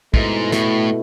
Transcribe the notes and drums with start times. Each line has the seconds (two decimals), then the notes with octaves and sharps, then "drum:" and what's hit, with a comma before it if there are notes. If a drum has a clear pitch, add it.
0.14 G#2 B2 A3 E4, drum: kick
0.52 A2, drum: snare